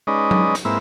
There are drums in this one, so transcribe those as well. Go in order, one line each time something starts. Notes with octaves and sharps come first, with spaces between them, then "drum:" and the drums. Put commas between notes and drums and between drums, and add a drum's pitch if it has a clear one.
G#3 C#4 D#4 B4 D5 D#5
drum: tom F#3
drum: hi-hat
G#2 A#3 C4 E4 B4 E6